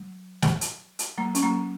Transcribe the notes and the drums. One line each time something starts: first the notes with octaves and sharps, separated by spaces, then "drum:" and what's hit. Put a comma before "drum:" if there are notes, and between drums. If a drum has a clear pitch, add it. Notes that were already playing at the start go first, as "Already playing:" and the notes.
Already playing: F#3
drum: snare
drum: hi-hat
drum: hi-hat
F#3 A#3
C#4, drum: hi-hat
F#3 A#3